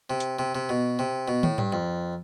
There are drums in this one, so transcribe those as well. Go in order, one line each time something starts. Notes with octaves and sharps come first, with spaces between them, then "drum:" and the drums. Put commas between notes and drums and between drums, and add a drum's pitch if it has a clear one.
C3
drum: hi-hat
C3
C3
B2
C3
B2
A2, drum: tom
G2, drum: tom G#2
F2